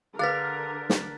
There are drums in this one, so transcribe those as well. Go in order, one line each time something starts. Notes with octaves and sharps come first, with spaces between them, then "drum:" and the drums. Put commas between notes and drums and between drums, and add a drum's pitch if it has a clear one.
D3 G#4 A#4 B4 F5 F#6 A6 B6
drum: snare